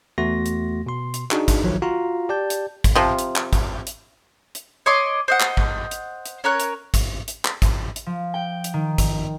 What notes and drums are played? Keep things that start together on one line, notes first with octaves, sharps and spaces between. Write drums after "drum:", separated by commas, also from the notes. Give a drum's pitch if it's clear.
E2 A3 F#4 C6 A#6
drum: hi-hat
B2 C6
drum: hi-hat
D4 D#4 F#4 G#4, drum: clap
drum: kick G#1, hi-hat
B1 D#3 F3 F#3
F4 F#4 F5 A#5
G4 D5 A5 G6
drum: hi-hat
drum: kick G#1, hi-hat
C3 F3
drum: hi-hat
drum: clap
drum: kick G#1, hi-hat
drum: hi-hat
drum: hi-hat
C#5 D#5 C6 D6
C5 D#5 F#5
drum: clap
drum: kick G#1
drum: hi-hat
drum: hi-hat
C#4 A#4 C#5 F#6
drum: hi-hat
drum: kick G#1, hi-hat
drum: hi-hat
drum: clap
drum: kick G#1, hi-hat
drum: hi-hat
F3
G5
drum: hi-hat
D#3
drum: kick G#1, hi-hat